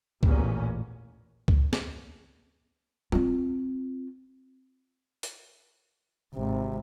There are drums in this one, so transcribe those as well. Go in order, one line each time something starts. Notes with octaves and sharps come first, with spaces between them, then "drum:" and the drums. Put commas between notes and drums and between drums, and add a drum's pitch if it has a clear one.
A1 E2 A#2 C#4, drum: kick C#2
drum: kick C#2
drum: snare
C4 F4, drum: tom
drum: hi-hat
G#1 C3